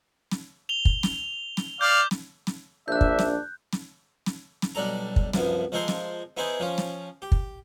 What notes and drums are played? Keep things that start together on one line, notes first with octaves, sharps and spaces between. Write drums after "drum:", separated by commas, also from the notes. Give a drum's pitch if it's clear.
drum: snare
F7 G7
drum: kick
drum: snare
drum: snare
D5 F5 D6 G6
drum: snare
drum: snare
A#1 D4 E5 F#6 G6
drum: kick
drum: snare
drum: snare
drum: snare
drum: snare
B1 G3 D4 A4 A#5
drum: kick
C2 F#2 F3 B3, drum: snare
F3 G#3 A4 A#4 C5 C6
drum: snare
B3 D#4 E4 G#4 C5
F3 C#4 F4
drum: snare
G4
drum: kick